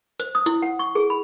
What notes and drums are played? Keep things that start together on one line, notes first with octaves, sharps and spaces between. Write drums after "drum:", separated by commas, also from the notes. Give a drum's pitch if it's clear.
C5, drum: hi-hat
D#6
E4, drum: hi-hat
F#5
C#6
G#4
B5